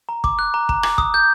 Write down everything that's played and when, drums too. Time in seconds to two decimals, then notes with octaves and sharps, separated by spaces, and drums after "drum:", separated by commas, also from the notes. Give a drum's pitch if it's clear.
0.09 A#5
0.24 D6, drum: kick
0.39 F#6
0.54 A#5
0.69 A#5, drum: kick
0.83 D6, drum: rim click
0.98 D#6, drum: kick
1.14 G6